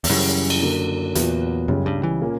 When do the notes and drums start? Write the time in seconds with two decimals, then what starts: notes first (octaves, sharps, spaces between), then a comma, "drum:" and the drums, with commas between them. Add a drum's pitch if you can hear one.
0.04 E2, drum: open hi-hat
0.09 F#2 C#3 E3 G3
0.50 drum: cymbal
0.62 D3 F#3 A#3
1.15 E2 A#2 F#3 B3 F#4, drum: hi-hat
1.68 C#2 F#2 C#3 G3 C#4
1.86 G2
2.03 E3
2.21 A#2 A#3 C#4